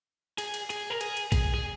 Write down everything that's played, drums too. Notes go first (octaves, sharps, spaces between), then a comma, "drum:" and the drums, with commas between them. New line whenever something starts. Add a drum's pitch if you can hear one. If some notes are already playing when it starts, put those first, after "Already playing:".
G#4, drum: cymbal
drum: cymbal
G#4, drum: cymbal
A#4
G#4, drum: cymbal
drum: cymbal
G#4, drum: kick A#1, cymbal
G#4